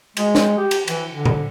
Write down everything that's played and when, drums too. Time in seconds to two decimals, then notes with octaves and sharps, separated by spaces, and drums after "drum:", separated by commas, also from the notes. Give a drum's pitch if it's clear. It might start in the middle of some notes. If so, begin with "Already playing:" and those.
0.17 G#3, drum: cymbal
0.35 drum: snare
0.58 G4
0.71 drum: cymbal
0.88 E3, drum: cymbal
1.13 D3
1.25 drum: tom A2